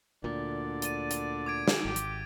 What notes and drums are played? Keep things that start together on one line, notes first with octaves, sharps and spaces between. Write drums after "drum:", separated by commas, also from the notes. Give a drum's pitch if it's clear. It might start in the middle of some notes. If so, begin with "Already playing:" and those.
D2 A#2 D3 D5
A6 D#7, drum: hi-hat
drum: hi-hat
D6 G#6 D7
drum: snare
G#1 G4 D6
drum: hi-hat